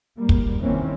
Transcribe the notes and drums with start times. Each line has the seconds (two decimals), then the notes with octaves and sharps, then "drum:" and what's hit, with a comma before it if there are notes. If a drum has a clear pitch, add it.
0.19 G#2 G3 A#3
0.29 drum: kick
0.61 C3 D#3 E3 A#3 C4 C#4